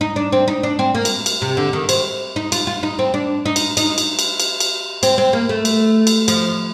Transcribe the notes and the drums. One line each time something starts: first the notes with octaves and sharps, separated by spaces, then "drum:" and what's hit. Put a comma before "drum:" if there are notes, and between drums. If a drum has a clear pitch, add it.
D#4
D4
C4
D#4
D4
C4
A#3
drum: cymbal
drum: cymbal
C3
D3
D#3
C4, drum: cymbal
D#4
F4, drum: cymbal
F4
D#4
C4
D4
D#4
drum: cymbal
D#4, drum: cymbal
drum: cymbal
drum: cymbal
drum: cymbal
drum: cymbal
C4, drum: cymbal
C4
A#3
A3
drum: cymbal
drum: cymbal
F3, drum: cymbal